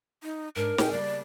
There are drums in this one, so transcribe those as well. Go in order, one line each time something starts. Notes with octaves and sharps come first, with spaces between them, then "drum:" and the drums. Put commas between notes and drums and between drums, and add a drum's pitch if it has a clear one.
D#4
G#2 D4 A#4
A#2 C4 G#4 G5, drum: snare
C#3 G3 A#3 D5